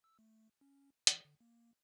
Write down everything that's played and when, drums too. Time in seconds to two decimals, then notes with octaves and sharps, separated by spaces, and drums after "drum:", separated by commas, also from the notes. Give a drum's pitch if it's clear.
0.04 E6
0.19 A3
0.61 C#4
1.07 E3, drum: hi-hat
1.25 D3
1.41 A#3